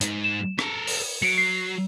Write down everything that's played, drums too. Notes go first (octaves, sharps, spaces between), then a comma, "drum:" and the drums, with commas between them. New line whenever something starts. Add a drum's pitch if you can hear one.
G#2, drum: hi-hat
E7
A4 A#4, drum: rim click
drum: open hi-hat
F#3 C#7 D7
C7